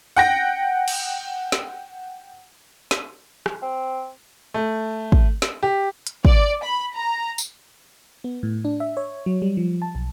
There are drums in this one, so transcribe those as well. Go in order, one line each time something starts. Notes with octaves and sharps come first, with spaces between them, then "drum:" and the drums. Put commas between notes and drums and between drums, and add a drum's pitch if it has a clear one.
F#5 G5 A#6
drum: cymbal
drum: snare
drum: snare
drum: rim click
C4
A3
drum: kick
drum: snare
G4
drum: hi-hat
D5, drum: kick
B5
A#5
drum: tambourine
B3
A2
D4
E5
C#5
F#3
G3
F3
A5
B1